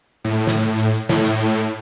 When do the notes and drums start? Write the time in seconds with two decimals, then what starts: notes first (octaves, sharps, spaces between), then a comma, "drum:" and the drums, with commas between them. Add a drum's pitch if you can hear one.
0.24 A2
0.47 drum: snare
0.63 drum: hi-hat
0.78 drum: hi-hat
0.94 drum: hi-hat
1.09 A2, drum: snare
1.25 drum: hi-hat
1.40 drum: hi-hat
1.56 drum: hi-hat